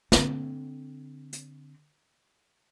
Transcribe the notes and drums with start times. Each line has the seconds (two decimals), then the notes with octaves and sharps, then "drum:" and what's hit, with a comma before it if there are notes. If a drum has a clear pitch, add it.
0.12 D3 C4, drum: snare
1.33 drum: hi-hat